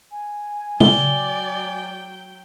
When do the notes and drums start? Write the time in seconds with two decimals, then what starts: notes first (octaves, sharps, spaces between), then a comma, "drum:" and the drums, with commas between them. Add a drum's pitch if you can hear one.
0.12 G#5
0.80 F#3 D5 G5 G7, drum: tom